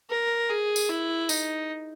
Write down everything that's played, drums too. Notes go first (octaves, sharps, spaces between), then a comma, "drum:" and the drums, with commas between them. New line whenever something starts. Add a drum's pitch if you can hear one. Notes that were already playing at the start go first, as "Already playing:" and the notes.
A#4
G#4
drum: tambourine
E4
D#4, drum: tambourine